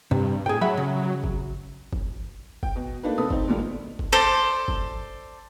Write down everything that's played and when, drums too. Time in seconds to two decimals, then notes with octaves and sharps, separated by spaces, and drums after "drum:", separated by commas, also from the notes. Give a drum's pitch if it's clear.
0.11 G2 C3
0.46 A2 G#4 G5
0.61 F#3 E5 F#5 B5
0.77 C#3
1.24 drum: kick
1.93 drum: kick
2.63 G5, drum: kick
2.76 B2
3.03 A3 A#3 D4 D#4 B4
3.18 C3 A4 B4 D#6
3.30 C4 D#4, drum: kick
3.48 G2 A#2 D3 G3
3.99 drum: kick
4.12 A4 C5 D5
4.68 drum: kick